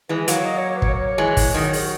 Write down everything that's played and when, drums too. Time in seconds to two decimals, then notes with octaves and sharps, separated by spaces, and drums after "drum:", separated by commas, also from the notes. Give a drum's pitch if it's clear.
0.09 E3 G#3 B4
0.28 F#3 A#3 C#5, drum: hi-hat
0.45 D#5
0.58 C#5
0.70 C#5
0.77 B4
0.82 C#5, drum: kick
0.94 C#5
1.07 C#5
1.18 E3 G#3
1.37 drum: kick, open hi-hat
1.54 D#3 F#3 D#5
1.64 C#5
1.73 G#4, drum: open hi-hat
1.82 F#4